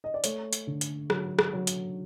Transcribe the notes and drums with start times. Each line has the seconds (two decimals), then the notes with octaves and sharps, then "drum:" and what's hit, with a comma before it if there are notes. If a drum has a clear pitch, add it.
0.04 D#5
0.14 D5
0.24 A3 C#5, drum: hi-hat
0.53 drum: hi-hat
0.67 D3
0.81 drum: hi-hat
1.10 F#3, drum: rim click
1.39 drum: rim click
1.53 F#3
1.67 drum: hi-hat